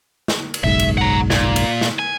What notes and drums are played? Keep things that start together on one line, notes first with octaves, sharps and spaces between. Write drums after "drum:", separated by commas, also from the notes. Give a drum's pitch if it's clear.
drum: snare
drum: cymbal
F#1 B1 G#2 E5
drum: cymbal
F#5 A#5
A#2, drum: snare
drum: cymbal
drum: snare
G#5